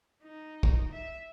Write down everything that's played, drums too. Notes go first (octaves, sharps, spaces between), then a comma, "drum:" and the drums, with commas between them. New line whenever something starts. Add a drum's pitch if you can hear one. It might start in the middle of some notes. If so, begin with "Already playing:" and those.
D#4
drum: kick
E5